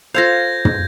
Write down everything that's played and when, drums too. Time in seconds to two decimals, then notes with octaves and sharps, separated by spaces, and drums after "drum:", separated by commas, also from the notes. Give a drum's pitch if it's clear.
0.14 F4 A4 C5 F5 G6 G#6 A#6
0.65 drum: tom